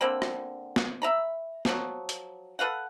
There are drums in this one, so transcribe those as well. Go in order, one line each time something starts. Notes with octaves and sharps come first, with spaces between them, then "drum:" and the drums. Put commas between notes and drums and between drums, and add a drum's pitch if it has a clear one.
D3 A#3 C4 B5
drum: rim click
drum: snare
E5 A#5 B5
F3 F#3, drum: snare
drum: hi-hat
A4 B4 F5 F#5